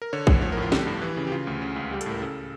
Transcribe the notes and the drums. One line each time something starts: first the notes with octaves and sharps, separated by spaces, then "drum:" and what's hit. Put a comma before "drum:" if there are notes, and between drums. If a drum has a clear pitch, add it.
A#4
D3 C#5
D2, drum: kick
F3 C#5
A#4
A2
F4
D3 G4, drum: snare
G2
E3
C#3
G4
C#3 F4
D2
C#3
C#2
G3 G4
A4, drum: hi-hat
A2 A#4
C#3 A4